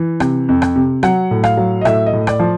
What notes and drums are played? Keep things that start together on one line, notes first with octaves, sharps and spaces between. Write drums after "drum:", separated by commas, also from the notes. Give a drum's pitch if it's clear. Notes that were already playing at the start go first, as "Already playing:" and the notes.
Already playing: E3
C3, drum: rim click
F2
drum: rim click
C3
F#3 F#5, drum: rim click
A2
F5, drum: rim click
F#3
D#5
A2 E5, drum: rim click
D#5
A2
D5, drum: rim click
F3